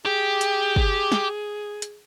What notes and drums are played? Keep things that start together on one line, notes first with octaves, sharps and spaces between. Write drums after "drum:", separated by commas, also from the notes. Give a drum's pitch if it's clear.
G4 G#4
drum: hi-hat
drum: kick
drum: snare
drum: hi-hat